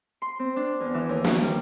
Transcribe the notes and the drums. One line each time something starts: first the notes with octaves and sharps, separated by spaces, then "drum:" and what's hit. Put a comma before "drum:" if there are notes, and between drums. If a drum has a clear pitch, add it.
C6
C4
D4
E2
E3
D#2
A#3, drum: snare
G3